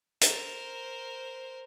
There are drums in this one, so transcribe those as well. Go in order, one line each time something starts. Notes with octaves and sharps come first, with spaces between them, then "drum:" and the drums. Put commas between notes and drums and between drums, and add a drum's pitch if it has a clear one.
A#4 C5, drum: hi-hat